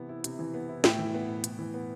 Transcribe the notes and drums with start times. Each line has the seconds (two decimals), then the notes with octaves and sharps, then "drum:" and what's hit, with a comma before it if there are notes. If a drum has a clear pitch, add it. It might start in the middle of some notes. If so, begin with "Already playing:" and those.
Already playing: C3 E3 B3
0.09 E4
0.24 C3, drum: hi-hat
0.39 E3
0.54 B3
0.69 E4
0.84 A2 E5 G5, drum: snare
0.99 E3
1.14 B3
1.28 A2
1.44 A2, drum: hi-hat
1.59 E3
1.74 B3